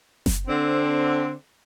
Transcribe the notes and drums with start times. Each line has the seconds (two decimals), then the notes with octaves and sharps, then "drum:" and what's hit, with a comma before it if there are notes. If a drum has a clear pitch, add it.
0.26 drum: snare F#1
0.47 D3 C4